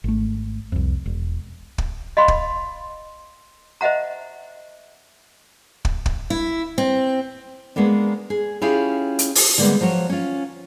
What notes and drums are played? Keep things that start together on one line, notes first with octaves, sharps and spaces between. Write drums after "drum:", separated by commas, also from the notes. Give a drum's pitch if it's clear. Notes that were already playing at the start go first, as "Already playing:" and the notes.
G#1 A3
C2 F2
E1
drum: kick
D#5 F5 B5 C6
drum: kick
C5 D#5 E5 F#5 A#5
drum: kick
drum: kick
E4
C4
G#3 A#3 B3 D4
G#4
C#4 E4 F4 G4 G#4
drum: hi-hat
drum: open hi-hat
D3 G3 G#3 A#3 B3
F3 F#3 F#4 C#5
C#4 F4